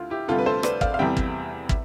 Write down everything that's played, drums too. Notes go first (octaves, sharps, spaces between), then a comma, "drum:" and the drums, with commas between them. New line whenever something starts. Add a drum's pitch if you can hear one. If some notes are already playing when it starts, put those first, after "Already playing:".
Already playing: D2 E4 F4
E4 G4
D2 C3 G3 F4 A4
B4
A4 C5
B4 D5, drum: rim click
D5 F5, drum: kick
F5
E2 C3 G3 E5 G5
drum: kick
E5, drum: kick